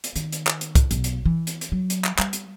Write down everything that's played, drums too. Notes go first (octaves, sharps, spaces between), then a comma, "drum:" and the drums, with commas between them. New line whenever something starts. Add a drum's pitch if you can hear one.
drum: hi-hat
D#3, drum: hi-hat
drum: hi-hat
drum: clap
drum: hi-hat
drum: kick, hi-hat
B1, drum: hi-hat
drum: hi-hat
E3
drum: hi-hat
drum: hi-hat
F#3
drum: hi-hat
drum: clap
G3, drum: clap
drum: hi-hat